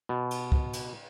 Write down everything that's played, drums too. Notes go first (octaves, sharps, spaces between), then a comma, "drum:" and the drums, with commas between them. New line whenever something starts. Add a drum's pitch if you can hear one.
B2
drum: cymbal
drum: kick
drum: cymbal